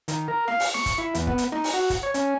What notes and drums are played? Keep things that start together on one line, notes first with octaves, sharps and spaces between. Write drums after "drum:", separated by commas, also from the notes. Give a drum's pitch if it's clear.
D#3, drum: hi-hat
A#4
F5, drum: snare
drum: open hi-hat
C#6, drum: snare
drum: kick, hi-hat
E4
E2, drum: hi-hat
B3, drum: kick
drum: hi-hat
D#4, drum: snare
drum: open hi-hat
F#4
drum: kick, hi-hat
C#5
C#4, drum: hi-hat